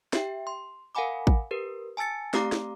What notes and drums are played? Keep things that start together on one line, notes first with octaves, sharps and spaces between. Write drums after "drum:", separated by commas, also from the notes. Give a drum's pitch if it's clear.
G4 E5 G5, drum: snare
C6
A#4 F5 F#5 G#5 B5 D6
drum: kick
G4 A#4 B4
G#5 A5 E6 A6 C#7
A3 C4 G4 F5 A#5 D6, drum: snare
drum: snare